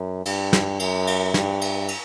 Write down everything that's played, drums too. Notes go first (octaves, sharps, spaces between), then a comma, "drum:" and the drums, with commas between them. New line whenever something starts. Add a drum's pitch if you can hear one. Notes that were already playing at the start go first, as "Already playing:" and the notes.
Already playing: F#2
G2, drum: cymbal
drum: snare
F#2, drum: cymbal
drum: cymbal
G2, drum: snare
drum: cymbal
drum: cymbal